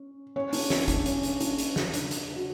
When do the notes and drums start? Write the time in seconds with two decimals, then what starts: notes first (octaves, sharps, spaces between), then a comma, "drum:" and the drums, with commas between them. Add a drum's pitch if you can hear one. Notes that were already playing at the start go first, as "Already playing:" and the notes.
Already playing: C#4
0.36 C#4 C#5
0.53 D4, drum: open hi-hat
0.70 C#4, drum: snare
0.88 D4, drum: kick G1, hi-hat
1.06 C#4, drum: hi-hat
1.23 drum: hi-hat
1.40 D4, drum: hi-hat
1.58 drum: hi-hat
1.76 drum: snare
1.94 drum: hi-hat
2.11 drum: hi-hat
2.36 F#4